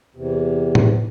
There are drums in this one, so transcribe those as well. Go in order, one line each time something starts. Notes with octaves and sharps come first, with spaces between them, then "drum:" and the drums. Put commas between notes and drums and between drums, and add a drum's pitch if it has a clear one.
E2 C3
drum: tom A2